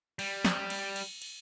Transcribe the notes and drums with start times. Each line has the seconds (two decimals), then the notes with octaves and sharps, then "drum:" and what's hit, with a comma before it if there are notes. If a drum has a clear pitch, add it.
0.19 G3, drum: cymbal
0.45 drum: snare
0.70 drum: cymbal
0.96 drum: cymbal
1.22 drum: cymbal